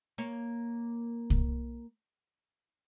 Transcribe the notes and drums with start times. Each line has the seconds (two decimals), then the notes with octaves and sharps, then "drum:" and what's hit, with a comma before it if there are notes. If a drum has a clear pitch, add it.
0.18 A#3 C#5
1.30 drum: kick C2